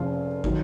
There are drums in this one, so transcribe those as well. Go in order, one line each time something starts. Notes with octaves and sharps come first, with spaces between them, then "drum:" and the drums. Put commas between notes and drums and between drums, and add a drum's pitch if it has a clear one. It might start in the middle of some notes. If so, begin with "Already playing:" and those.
Already playing: F1 F2 C#3 F3 F4
D#3 F#3, drum: kick